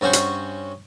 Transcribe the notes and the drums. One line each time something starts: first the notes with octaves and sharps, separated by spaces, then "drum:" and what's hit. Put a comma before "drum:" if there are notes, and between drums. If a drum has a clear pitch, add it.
G2 C#4 F#4 C5 C#6
drum: hi-hat